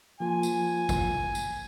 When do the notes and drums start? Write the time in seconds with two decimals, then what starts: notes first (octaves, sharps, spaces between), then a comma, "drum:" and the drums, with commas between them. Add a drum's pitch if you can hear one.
0.20 F3 A#3 F4 G#5
0.43 drum: tambourine
0.89 drum: kick G#1, tambourine
1.35 drum: tambourine